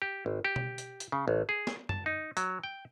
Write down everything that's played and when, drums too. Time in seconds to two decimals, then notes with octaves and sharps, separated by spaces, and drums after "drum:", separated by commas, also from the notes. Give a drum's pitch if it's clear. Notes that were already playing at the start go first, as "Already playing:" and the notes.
0.02 G4
0.26 G#1
0.45 G4
0.56 drum: tom B2
0.78 drum: hi-hat
1.00 drum: hi-hat
1.12 C#3
1.28 A1
1.49 G#4
1.67 drum: snare
1.89 A5, drum: tom F#2
2.06 D#4
2.37 F#3, drum: hi-hat
2.63 G5